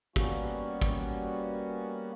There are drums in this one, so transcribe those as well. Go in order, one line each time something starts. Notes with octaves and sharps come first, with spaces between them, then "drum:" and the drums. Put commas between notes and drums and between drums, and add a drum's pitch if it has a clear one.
G3 A#3 B3 C#4 F#4, drum: kick
drum: kick